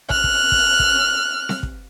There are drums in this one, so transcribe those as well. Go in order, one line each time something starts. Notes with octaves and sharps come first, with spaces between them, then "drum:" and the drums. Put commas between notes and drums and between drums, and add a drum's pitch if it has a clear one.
F6 F#6, drum: kick
drum: kick
drum: kick
drum: kick
drum: snare C4
drum: kick